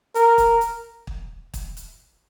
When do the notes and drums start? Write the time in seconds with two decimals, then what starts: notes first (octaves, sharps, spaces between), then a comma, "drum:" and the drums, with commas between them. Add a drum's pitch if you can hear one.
0.15 A#4, drum: hi-hat
0.38 drum: kick, hi-hat
0.61 drum: hi-hat
1.07 drum: kick
1.54 drum: kick, hi-hat
1.77 drum: hi-hat